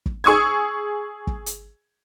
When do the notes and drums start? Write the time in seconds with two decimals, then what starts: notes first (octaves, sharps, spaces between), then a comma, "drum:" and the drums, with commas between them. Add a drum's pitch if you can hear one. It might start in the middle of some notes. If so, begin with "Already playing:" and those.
0.06 drum: kick
0.24 G#4 C#6 D#6 E6 G#6
1.27 drum: kick
1.46 drum: hi-hat